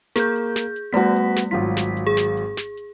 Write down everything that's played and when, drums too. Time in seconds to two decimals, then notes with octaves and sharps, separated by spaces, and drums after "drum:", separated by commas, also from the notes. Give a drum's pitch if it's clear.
0.16 A#3 G#4 G6, drum: snare
0.36 drum: hi-hat
0.56 drum: snare
0.76 drum: hi-hat
0.93 G3 A3 B3 F#4 B6
1.16 drum: hi-hat
1.36 drum: snare
1.51 G#1 F#3 F4 B6
1.77 drum: snare
1.97 drum: hi-hat
2.07 G#4
2.17 drum: snare
2.37 drum: hi-hat
2.57 drum: snare
2.77 drum: hi-hat